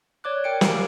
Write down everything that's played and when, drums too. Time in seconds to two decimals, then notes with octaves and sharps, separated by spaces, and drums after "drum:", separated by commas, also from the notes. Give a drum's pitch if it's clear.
0.24 C#5 D5 D6 F#6
0.44 A#4 G5 C#7 D7
0.61 G4 F5 G#5, drum: snare